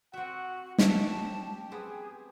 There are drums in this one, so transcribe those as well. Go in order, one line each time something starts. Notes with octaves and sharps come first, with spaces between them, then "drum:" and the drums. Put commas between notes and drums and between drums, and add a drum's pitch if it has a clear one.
C4 F#4 E5 F#5
F#3 C#4 G4 A5, drum: snare
B3 C4 G#4